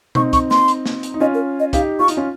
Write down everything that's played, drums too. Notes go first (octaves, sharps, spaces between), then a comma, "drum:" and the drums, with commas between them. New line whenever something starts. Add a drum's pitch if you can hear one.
C4 D#4 C#6, drum: tom B2
C#6, drum: kick, hi-hat
C6, drum: snare
drum: hi-hat
drum: snare
drum: hi-hat
D#4
C#4 F4 D#5
A#4
D#5
D#4 G4 F5, drum: kick, hi-hat
F4 C#6
D#4, drum: hi-hat
C#4 F4